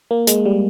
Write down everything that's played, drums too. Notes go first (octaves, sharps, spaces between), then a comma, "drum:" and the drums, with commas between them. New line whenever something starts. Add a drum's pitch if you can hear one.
A#3
G#3, drum: hi-hat
G3